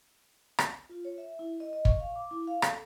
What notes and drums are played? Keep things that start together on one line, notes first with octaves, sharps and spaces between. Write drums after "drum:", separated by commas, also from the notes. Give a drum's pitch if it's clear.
drum: rim click
F4
C#5
E5
E4
D#5
D#5
C#6, drum: kick
F5
D6
E4
F5
A4, drum: rim click